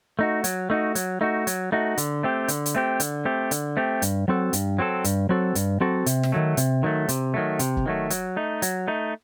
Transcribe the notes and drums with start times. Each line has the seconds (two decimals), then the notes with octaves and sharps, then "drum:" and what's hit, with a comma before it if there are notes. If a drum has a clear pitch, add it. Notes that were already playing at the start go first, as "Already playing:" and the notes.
0.19 A3 D#4 F#4
0.44 F#3, drum: hi-hat
0.70 A3 D#4 F#4
0.95 F#3, drum: hi-hat
1.21 A3 D#4 F#4
1.47 F#3, drum: hi-hat
1.72 A3 D#4 F#4
1.98 D3, drum: hi-hat
2.23 A3 C4 G4
2.48 D3, drum: hi-hat
2.66 drum: hi-hat
2.75 A3 C4 G4
3.00 D3, drum: hi-hat
3.25 A3 C4 G4
3.51 D3, drum: hi-hat
3.77 A3 C4 G4
4.02 G2, drum: hi-hat
4.28 F#3 C4 F#4 A4
4.53 G2, drum: hi-hat
4.79 F#3 C4 F#4 A4
5.04 G2, drum: hi-hat
5.29 F#3 C4 F#4 A4
5.55 G2, drum: hi-hat
5.80 F#3 C4 F#4 A4
6.06 C3, drum: hi-hat
6.23 drum: snare
6.32 D#3 F#3 A3
6.57 C3, drum: hi-hat
6.83 D#3 F#3 A3
7.09 C3, drum: hi-hat
7.34 D#3 F#3 A3
7.59 C3, drum: hi-hat
7.77 drum: kick
7.86 D#3 F#3 A3
8.10 F#3, drum: hi-hat
8.36 A3 D#4
8.62 F#3, drum: hi-hat
8.88 A3 D#4